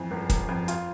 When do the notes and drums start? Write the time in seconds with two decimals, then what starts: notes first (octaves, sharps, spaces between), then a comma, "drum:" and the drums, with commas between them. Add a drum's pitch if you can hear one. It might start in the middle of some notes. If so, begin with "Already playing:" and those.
Already playing: F2 E3
0.11 G1
0.30 G1, drum: kick, hi-hat
0.49 F2
0.68 F4, drum: hi-hat